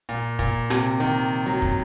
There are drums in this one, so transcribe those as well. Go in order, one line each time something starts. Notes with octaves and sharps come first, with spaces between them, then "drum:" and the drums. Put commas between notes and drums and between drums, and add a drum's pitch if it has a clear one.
A#2
A#2, drum: kick
C3, drum: rim click
D#3
F#3
drum: kick